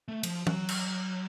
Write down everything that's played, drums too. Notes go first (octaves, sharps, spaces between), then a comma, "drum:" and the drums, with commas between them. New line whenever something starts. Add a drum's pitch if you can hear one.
A3
F3, drum: cymbal
F#3, drum: tom
drum: cymbal